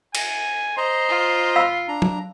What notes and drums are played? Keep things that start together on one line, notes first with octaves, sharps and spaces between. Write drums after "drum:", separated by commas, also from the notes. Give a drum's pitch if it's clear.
G#5, drum: cymbal
C5 D#5 A#5 C6
F4
F5 B5 E6
D4 A#5
drum: tom F#3